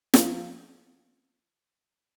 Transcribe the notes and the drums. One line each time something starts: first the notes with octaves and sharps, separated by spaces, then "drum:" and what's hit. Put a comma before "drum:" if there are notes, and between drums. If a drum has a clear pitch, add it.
F3, drum: snare